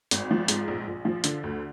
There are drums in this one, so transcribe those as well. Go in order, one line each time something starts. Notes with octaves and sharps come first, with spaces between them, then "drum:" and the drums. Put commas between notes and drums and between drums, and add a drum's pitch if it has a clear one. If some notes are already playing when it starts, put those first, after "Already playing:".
G#1, drum: hi-hat
F3
G#2, drum: hi-hat
A#1
A#1
F3
D3, drum: hi-hat
D2